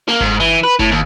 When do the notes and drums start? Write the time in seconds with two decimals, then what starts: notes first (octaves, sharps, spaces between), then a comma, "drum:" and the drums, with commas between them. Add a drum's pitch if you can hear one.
0.08 A#3
0.20 G#2, drum: kick G1
0.40 E3
0.63 B4
0.79 A2, drum: kick G1
0.91 D#2